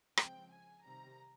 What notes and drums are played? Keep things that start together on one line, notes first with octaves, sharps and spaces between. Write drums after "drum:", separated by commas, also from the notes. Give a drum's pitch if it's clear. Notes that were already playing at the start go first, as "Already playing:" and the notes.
C#3 F3 G#3 C4 G5, drum: rim click
G#5
C3 D#3 G3 C4 A#5